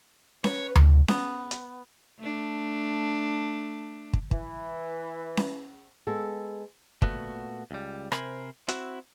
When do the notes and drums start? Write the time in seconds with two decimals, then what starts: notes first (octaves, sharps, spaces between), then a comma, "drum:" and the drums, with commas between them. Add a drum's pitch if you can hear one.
0.44 B4 C#5, drum: snare C#4
0.75 drum: tom D2
1.08 B3, drum: snare C#4
1.51 drum: hi-hat
2.20 A3 D4
4.13 drum: kick
4.31 E3, drum: kick
5.37 drum: snare C#4
6.07 G#3 B3 A4
7.02 A#2 A3 B3 F#4, drum: kick
7.71 C#2 G3
8.12 C3 A#4 C5 G#5 B5, drum: rim click
8.68 C4 E4 F#4, drum: hi-hat